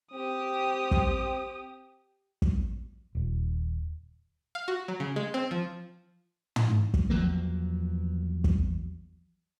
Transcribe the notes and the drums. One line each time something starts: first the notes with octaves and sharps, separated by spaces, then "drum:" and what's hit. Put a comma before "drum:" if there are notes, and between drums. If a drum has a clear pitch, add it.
C4 G4 D#6
drum: kick
drum: kick
D#1
F5
F#4
F#3
C#3
G#3
C4
F3
drum: tom
drum: kick
E2 F3 F#3 A#3
drum: kick